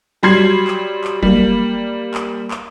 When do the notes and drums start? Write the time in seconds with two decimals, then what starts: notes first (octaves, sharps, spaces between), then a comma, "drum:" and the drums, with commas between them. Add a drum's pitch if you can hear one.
0.23 F#3 G3 C6 G#6 C7
0.67 drum: clap
1.04 drum: clap
1.22 G3 A#3, drum: kick F1
2.14 drum: clap
2.51 drum: clap